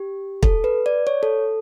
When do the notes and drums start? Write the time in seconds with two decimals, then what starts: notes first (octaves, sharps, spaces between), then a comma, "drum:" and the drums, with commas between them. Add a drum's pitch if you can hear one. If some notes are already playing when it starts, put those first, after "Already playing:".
Already playing: G4
0.43 A4, drum: kick
0.64 B4
0.86 D5
1.07 C#5
1.23 A4